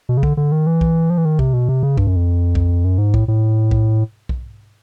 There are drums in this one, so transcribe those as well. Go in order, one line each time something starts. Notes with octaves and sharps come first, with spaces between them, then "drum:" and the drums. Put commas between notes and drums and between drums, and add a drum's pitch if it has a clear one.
B2
C#3
D3, drum: kick B1
D3
D#3
E3
drum: kick B1
F3
E3
D#3
C3, drum: kick B1
B2
C3
C#3
G2, drum: kick B1
F#2
F2
drum: kick B1
F#2
G#2
A2, drum: kick B1
A2
drum: kick B1
drum: kick B1